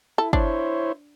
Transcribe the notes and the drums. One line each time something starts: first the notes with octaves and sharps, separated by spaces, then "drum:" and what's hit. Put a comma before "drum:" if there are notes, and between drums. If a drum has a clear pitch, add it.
E4 A4
D4 E4 C5 C#5, drum: kick